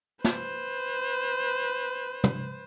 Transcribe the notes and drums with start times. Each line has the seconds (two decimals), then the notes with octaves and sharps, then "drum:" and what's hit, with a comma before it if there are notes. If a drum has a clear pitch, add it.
0.24 B4 C5, drum: snare
2.24 drum: tom